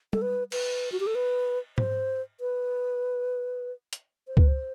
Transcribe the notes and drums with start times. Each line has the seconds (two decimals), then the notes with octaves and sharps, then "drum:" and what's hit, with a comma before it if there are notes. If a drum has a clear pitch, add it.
0.13 A4, drum: tom
0.22 B4
0.52 B4, drum: cymbal
0.92 F#4
1.00 G4
1.07 A4
1.15 B4
1.78 C5, drum: tom G#2
2.40 B4
3.93 drum: hi-hat
4.28 C5
4.37 B4, drum: kick C#2
4.48 C5